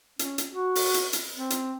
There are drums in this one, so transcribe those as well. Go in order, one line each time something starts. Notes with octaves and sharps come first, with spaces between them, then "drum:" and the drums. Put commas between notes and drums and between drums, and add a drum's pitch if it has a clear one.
C#4, drum: hi-hat
drum: hi-hat
F#4
drum: open hi-hat
drum: hi-hat
drum: hi-hat
C4
drum: hi-hat